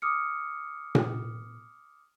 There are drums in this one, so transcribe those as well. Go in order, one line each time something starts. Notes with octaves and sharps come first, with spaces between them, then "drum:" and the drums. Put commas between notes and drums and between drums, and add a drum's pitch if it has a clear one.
D6 D#6 F6 C#7
drum: tom A#2